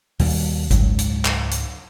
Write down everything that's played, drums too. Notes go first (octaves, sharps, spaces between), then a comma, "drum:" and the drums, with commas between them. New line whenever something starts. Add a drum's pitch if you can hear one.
D#2 B2 G3, drum: open hi-hat
C#2 G#2 F#3, drum: kick G#1, hi-hat
drum: hi-hat
drum: clap
drum: hi-hat